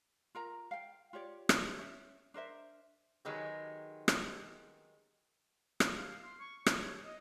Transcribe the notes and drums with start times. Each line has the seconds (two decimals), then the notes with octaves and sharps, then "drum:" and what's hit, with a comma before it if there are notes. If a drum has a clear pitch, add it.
0.35 F4 A#4 A#5
0.71 F5 G5
1.13 F4 G4 C#5 D5
1.49 drum: rim click
1.79 C#4 E5
2.34 D4 A#4 C5 E5
3.25 D#3 F#3 G#3 B3 G4
4.08 drum: rim click
5.80 drum: rim click
5.97 F5
6.25 C6
6.39 C#6
6.66 C#5, drum: rim click
7.06 D#5